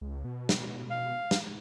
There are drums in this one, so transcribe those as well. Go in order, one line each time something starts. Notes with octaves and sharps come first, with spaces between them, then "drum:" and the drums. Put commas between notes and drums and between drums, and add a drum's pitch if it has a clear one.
C#2
B2
drum: snare
F5
drum: snare